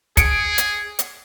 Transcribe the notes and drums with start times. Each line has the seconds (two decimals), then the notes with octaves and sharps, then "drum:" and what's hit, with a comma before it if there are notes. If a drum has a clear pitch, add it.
0.17 G#4 C#7 D7, drum: kick, hi-hat
0.58 drum: hi-hat
0.99 drum: hi-hat